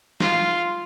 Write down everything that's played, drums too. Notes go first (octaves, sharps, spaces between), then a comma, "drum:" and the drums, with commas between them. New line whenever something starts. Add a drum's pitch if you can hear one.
F4, drum: snare